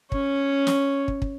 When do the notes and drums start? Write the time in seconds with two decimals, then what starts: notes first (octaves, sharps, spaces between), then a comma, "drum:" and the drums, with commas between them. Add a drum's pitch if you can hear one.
0.12 C#4 C#5, drum: kick
0.67 drum: snare
1.08 drum: kick
1.22 drum: kick